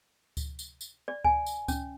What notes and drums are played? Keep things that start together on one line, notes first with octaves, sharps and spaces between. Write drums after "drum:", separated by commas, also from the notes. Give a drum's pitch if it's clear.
drum: kick C#2, tambourine
drum: tambourine
drum: tambourine
D5
G#5, drum: kick C#2
drum: tambourine
C#4, drum: kick C#2, tambourine